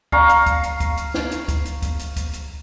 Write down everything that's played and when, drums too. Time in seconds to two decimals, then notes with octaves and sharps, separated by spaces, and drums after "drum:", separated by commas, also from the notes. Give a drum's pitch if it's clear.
0.12 F5 A#5 C#6, drum: kick
0.29 drum: hi-hat
0.46 drum: kick, hi-hat
0.63 drum: hi-hat
0.80 drum: kick, hi-hat
0.97 drum: hi-hat
1.14 drum: snare
1.31 drum: hi-hat
1.48 drum: kick, hi-hat
1.65 drum: hi-hat
1.82 drum: kick, hi-hat
1.99 drum: hi-hat
2.16 drum: kick, hi-hat
2.33 drum: hi-hat